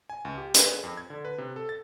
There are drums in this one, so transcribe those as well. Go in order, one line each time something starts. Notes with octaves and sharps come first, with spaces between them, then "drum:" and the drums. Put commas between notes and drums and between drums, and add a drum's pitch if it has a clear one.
G#5
C#2
G4
B4, drum: hi-hat
G#4
F2
G#6
D3
B4
C3
A4
A6